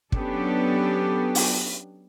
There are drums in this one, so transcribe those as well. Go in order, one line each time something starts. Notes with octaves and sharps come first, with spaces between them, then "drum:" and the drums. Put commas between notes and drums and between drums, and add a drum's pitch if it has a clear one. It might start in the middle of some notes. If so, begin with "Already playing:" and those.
F#3 B3 C#4 D4 G4 A4, drum: kick
drum: open hi-hat